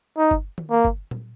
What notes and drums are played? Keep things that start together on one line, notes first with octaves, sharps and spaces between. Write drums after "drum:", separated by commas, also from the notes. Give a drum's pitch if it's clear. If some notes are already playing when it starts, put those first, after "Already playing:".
D#4
drum: kick
drum: tom D#3
A#3
drum: kick
drum: tom A#2